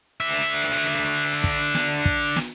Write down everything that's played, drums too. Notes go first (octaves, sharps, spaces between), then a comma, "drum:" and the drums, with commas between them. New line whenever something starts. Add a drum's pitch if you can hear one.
D3 E5
drum: kick
drum: snare
drum: kick
drum: snare